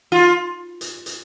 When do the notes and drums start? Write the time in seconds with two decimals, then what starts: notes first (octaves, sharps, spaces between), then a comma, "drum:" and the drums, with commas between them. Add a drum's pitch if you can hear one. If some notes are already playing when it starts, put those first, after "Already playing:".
0.12 F4
0.81 drum: hi-hat
1.06 drum: hi-hat